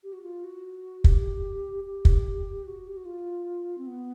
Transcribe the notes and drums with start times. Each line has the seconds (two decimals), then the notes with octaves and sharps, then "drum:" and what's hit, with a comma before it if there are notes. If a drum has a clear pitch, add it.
0.04 G4
0.13 F#4
0.23 F4
0.44 F#4
1.04 G4, drum: kick
1.84 G4
2.05 drum: kick
2.65 F#4
2.87 G4
2.97 F#4
3.05 F4
3.78 C4
3.87 B3